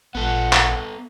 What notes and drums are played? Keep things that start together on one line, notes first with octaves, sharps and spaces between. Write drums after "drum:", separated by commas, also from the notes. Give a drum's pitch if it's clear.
A1 A#2 B3 A4 F#5
drum: clap